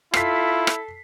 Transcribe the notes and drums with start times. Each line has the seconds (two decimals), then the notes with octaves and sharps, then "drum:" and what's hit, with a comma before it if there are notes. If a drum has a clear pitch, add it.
0.14 E4 F4 A4 B6 C7, drum: rim click
0.67 drum: rim click